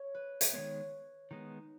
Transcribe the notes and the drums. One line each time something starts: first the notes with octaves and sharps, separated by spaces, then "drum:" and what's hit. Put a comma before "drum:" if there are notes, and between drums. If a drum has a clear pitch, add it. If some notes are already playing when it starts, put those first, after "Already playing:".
Already playing: C#5
B4
drum: hi-hat
D#3 G#3 B3 C#5
D#3 G#3 B3 D#4